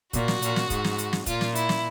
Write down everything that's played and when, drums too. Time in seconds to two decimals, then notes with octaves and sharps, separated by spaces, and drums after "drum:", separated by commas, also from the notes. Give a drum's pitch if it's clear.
0.13 A#2 F#4, drum: kick, hi-hat
0.28 drum: snare
0.42 A#2, drum: hi-hat
0.56 drum: snare
0.70 G#2, drum: kick, hi-hat
0.84 drum: snare
0.99 drum: hi-hat
1.13 drum: snare
1.26 A#2 F4, drum: kick, hi-hat
1.41 drum: snare
1.56 E4, drum: hi-hat
1.69 drum: snare